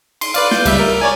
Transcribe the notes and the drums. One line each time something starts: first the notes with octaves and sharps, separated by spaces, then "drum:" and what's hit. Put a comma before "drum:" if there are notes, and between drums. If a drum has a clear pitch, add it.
C6, drum: cymbal
B4 D5 F5, drum: cymbal
G6, drum: snare
C#2 G3 E5, drum: cymbal
A#4
C#5 D5 G#5